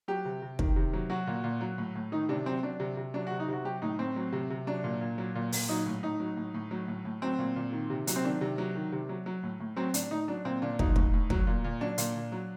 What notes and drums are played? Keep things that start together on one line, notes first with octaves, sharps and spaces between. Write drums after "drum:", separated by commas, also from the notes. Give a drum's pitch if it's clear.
F#3 G4
C3
C3
D#3, drum: kick
C3
F#3
F#3 F#4
A#2
A#2
F#3
A2
A2
D#3 D#4
C3 D4
F#3 C4
F#3 D4
C3
C3
F#3 D4
F#4
C3
D#4
C3 F#4
F#3 G4
A2 D#4
A2 C4
F#3
C3
C3
F#3 D4
A#2
A#2
F#3
A#2
A#2, drum: open hi-hat
F#3 D#4
A2
A2 D#4
F#3
A2
A2
F#3
A2
A2
F#3 C4
A#2
A#2
D#3
C3
F#3, drum: hi-hat
C4
D#3 D4
C3
F#3
D#3
C3
F#3
F#3
A2
A2
F#3 C4
A2 D4, drum: hi-hat
A2 D#4
F#3 D4
A#2 C4
A#2 D4
F#3 D#4, drum: kick
A2, drum: kick
A2
F#3, drum: kick
A#2
A#2
F#3 D4
A#2, drum: hi-hat
A#2
F#3